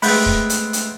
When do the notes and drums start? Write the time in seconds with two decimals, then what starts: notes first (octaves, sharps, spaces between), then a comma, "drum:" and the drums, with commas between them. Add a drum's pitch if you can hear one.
0.02 G#3 A3 B3 C4 B5 F#6 G6, drum: open hi-hat
0.26 drum: kick
0.50 drum: hi-hat
0.73 drum: hi-hat